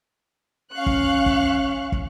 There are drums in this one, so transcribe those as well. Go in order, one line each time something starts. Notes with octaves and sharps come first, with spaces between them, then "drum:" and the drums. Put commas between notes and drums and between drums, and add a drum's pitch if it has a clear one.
C#4 F5 C#6 F#6
drum: kick
drum: kick
drum: kick